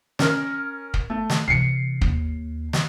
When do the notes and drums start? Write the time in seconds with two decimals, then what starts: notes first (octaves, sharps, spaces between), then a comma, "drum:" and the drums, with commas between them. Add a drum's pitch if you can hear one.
0.19 C#4 A#4, drum: snare
0.94 drum: kick
1.10 A3
1.30 drum: snare
1.48 C3 E3 C7 C#7
2.01 D#2, drum: kick
2.73 drum: snare